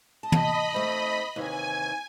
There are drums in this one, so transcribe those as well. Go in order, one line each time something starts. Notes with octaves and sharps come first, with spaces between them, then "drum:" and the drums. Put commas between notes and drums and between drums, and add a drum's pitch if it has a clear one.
D#5 A5 B5
drum: tom
A3 C4 D#4
D#2 C3 E3 G#5